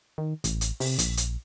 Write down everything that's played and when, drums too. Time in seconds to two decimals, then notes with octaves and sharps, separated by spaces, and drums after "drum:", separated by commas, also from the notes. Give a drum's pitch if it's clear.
0.18 D#3
0.44 A1, drum: hi-hat
0.61 drum: hi-hat
0.80 C3, drum: open hi-hat
0.99 A#1, drum: hi-hat
1.17 drum: hi-hat